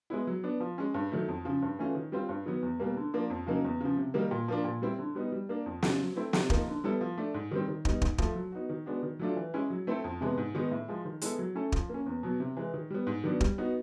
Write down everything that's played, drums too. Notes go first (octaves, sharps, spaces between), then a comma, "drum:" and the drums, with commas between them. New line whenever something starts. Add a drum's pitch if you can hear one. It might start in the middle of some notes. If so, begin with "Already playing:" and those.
G#3 B3 E4
F#3
B3 D4
F3
G#3 C#4
G2
D#3 F#3 A3
F2
C#3 F3
G2
E3 A3 C#4 F4
D#3
G3 C4 F4
G2
D#3 F#3 B3
E2
B2 G3 A#3
D3
F3 A#3 D4
F2
C#3 F#3 A#3 D#4
E2
C#3 F3
C3
D#3 G3 A#3 D#4
A#2
F3 A#3 D4
A#2
G3 C4 E4
D3
G3 B3 D#4
G3
A#3 D4
F2
C#3 F3, drum: snare
F#3
A3 C4 E4
C3, drum: snare
F3 A#3 D#4, drum: kick
D3
G3 B3 E4 A4
F3
A3 D4
G#2
D#3 G3 C4
D#3
G3 B3 D#4, drum: kick
G#2, drum: kick
F3 A3, drum: kick
F#3
B3 D#4 F#4
D#3
G#3 B3 D4 F#4
D#3
F#3 A3 D4 F4
E3
G#3 C#4 E4
F#3
A3 C4 E4 A4
F2
C3 E3 G#3 B3
G#2
D#3 G#3 B3 D#4
A2
F3 G#3
D#3
G#3 B3 E4 A4, drum: hi-hat
F#3
A3 C#4 E4 A4
F3, drum: kick
A#3 C#4
E2
B2 F#3
C3
E3 G#3
D#3
G3 B3
G#2
D#3 F#3 B3 D4
G3, drum: kick
B3 D#4 F#4